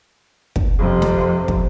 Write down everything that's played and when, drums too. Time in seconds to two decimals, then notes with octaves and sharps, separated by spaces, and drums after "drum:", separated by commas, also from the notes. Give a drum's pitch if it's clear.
0.56 drum: kick
0.79 F2 C3
1.02 drum: snare
1.48 drum: kick